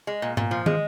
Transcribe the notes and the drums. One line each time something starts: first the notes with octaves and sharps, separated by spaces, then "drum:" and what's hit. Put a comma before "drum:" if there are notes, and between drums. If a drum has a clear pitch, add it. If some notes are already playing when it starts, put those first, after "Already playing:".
G#3
A#2
A#2, drum: tom G#2
F3
G#3, drum: tom